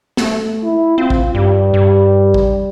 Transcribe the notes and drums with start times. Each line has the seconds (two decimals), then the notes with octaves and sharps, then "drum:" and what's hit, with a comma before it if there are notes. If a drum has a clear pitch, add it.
0.17 A3, drum: snare
0.63 E4
0.98 C4 F4
1.10 drum: kick A1
1.35 G2 G3
1.74 G2
2.34 drum: kick A1